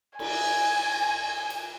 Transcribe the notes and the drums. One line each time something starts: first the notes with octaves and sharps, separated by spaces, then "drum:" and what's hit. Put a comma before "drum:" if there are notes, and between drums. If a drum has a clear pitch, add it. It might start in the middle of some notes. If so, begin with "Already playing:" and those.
G#5, drum: cymbal
drum: cymbal